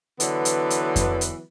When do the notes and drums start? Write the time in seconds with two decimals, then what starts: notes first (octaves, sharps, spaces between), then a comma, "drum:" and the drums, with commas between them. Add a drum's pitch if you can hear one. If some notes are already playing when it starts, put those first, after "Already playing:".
0.20 D3 E3 F#3 B3, drum: hi-hat
0.45 drum: hi-hat
0.70 drum: hi-hat
0.96 drum: kick F2, hi-hat
1.21 drum: hi-hat